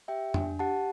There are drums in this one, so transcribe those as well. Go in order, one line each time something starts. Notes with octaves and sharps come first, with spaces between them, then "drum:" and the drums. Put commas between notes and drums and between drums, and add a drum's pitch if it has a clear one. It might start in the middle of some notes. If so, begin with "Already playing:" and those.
G4 E5 G5
D4, drum: tom F2
G4 F#5 A5